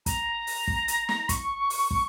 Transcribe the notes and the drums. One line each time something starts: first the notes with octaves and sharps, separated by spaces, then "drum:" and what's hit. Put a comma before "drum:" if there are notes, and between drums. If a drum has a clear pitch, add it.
A#5, drum: kick, hi-hat
drum: open hi-hat
drum: kick
drum: hi-hat
drum: snare
C#6, drum: kick, hi-hat
drum: open hi-hat
drum: kick